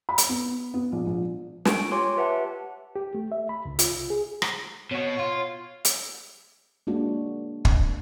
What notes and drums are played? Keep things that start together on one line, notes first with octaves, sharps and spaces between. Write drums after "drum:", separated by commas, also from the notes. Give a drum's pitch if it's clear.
B5
drum: hi-hat
B3
B3
A#1
A#1
G5 G#5 C#6 D7, drum: snare
F4 G4 C#5 G#5 C6 D6
G4 B4 E5 F#5 A5
G4
A3
E5
B5
C#2
F4, drum: hi-hat
C2
G#4
drum: rim click
B2 F#4 C#5
F4
drum: hi-hat
G#3 A#3 D4 F#4
drum: kick